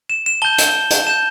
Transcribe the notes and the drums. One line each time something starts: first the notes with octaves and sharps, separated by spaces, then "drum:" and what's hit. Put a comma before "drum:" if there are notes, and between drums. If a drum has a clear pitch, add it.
E7
E7
A5 G6 G7
drum: hi-hat
drum: hi-hat
A5 G6 E7